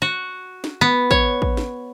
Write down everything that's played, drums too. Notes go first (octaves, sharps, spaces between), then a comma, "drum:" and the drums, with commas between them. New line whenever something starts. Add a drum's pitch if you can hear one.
F#4
drum: snare
B3
C#5, drum: kick
drum: kick
drum: snare